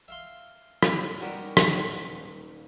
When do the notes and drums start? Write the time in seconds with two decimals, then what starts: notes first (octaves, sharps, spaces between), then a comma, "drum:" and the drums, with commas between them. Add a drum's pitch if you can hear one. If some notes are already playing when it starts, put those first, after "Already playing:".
0.08 E5 F5 C6
0.83 drum: rim click
1.20 G3 B3 C#4 D#4 F#4 A#4
1.57 drum: rim click
1.95 D#1